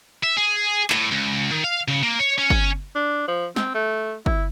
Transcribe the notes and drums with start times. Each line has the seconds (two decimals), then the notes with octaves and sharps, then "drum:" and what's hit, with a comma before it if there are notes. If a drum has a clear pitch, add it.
0.23 E5
0.37 G#4
0.90 A2, drum: clap
1.11 C#2
1.51 D#3
1.64 F5
1.88 C#3
2.03 A#3
2.19 C#5
2.38 C#4
2.50 drum: kick
2.95 D4
3.28 F3
3.56 C4, drum: snare
3.74 A3
4.26 E4, drum: kick